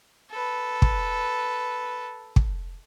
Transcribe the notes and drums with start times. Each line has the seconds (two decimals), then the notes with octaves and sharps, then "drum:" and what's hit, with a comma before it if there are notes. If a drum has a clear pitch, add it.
0.31 A4 B4
0.82 drum: kick
2.36 drum: kick